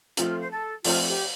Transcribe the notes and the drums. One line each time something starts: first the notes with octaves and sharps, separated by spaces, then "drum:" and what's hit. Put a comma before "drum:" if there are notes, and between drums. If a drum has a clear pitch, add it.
F3 A3 C4 F4 A4, drum: hi-hat
C5
A4
F3 A3 C4 F4 A4, drum: open hi-hat
G4